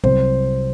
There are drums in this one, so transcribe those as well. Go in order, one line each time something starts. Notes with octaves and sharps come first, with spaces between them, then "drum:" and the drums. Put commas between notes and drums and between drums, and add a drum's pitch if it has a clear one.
C2 C3 F#3 C5, drum: kick